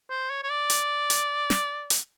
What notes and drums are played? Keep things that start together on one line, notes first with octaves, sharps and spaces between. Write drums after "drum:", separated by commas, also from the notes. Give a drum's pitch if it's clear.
C5
C#5
C#5
D5
drum: hi-hat
drum: hi-hat
drum: snare
drum: hi-hat